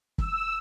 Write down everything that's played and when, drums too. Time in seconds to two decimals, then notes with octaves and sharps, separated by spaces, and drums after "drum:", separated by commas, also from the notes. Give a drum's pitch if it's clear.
0.18 E6, drum: kick